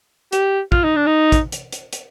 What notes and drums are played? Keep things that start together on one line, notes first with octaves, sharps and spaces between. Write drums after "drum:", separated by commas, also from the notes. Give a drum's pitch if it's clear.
G4, drum: hi-hat
F4, drum: kick
D#4
D4
D#4
drum: kick, hi-hat
drum: hi-hat
drum: hi-hat
drum: hi-hat